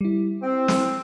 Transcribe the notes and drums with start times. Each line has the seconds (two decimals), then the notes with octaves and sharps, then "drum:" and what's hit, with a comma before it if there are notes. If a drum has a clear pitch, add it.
0.01 G3 E4
0.42 C4
0.68 drum: snare